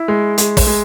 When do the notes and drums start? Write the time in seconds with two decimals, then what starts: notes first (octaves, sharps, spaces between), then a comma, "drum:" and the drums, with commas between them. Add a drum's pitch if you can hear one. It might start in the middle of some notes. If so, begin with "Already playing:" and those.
Already playing: E4
0.08 G#3
0.38 G#3, drum: hi-hat
0.57 drum: kick, open hi-hat
0.67 G#3